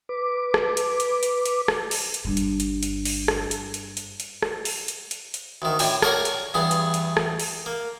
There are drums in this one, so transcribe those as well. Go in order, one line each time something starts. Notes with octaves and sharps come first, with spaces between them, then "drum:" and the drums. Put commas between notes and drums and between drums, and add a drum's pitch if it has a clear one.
B4 D6
drum: rim click
drum: hi-hat
drum: hi-hat
drum: hi-hat
drum: hi-hat
drum: rim click
drum: open hi-hat
drum: hi-hat
G1 G2 A#3
drum: hi-hat
drum: hi-hat
drum: hi-hat
drum: open hi-hat
drum: rim click
drum: hi-hat
drum: hi-hat
drum: hi-hat
drum: hi-hat
drum: rim click
drum: open hi-hat
drum: hi-hat
drum: hi-hat
drum: hi-hat
D2 D#3
A2 D4 G5 G#5, drum: open hi-hat
A#4 C#5 D5 F#5 G#5 A#5, drum: rim click
drum: hi-hat
E2 G2 B3 G#4
drum: hi-hat
drum: hi-hat
drum: rim click
drum: open hi-hat
A#3